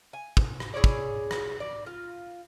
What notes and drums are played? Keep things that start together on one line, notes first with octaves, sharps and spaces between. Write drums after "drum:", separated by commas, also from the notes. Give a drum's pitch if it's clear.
G#5
drum: kick
drum: rim click
E4 G#4 C#5 D5
drum: kick
drum: rim click
D5
F4